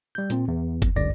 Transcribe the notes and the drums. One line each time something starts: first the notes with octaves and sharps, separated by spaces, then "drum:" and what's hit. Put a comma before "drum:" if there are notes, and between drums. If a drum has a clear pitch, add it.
G3 G6
A#2 C4, drum: hi-hat
E2
drum: kick F#1, hi-hat
G1 C#2 F#2 D5 A#6